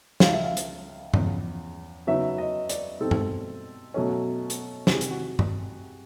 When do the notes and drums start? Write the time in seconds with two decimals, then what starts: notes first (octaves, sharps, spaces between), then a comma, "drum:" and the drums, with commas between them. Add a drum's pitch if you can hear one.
0.20 C#2 C#3 F3 F5, drum: snare
0.33 E5
0.44 F5
0.57 drum: hi-hat
1.14 E2 C#3 F3, drum: tom G2
2.07 C#3 F#3 B3 D#4 E5
2.38 D#5
2.69 D5, drum: hi-hat
3.00 B2 G3 C4 D#4 A4
3.11 drum: tom G2
3.94 B2 F#3 A3 C#4
4.50 drum: hi-hat
4.87 C3 D#3 G3 G#4, drum: snare
5.01 drum: hi-hat
5.10 F#4
5.39 drum: tom G2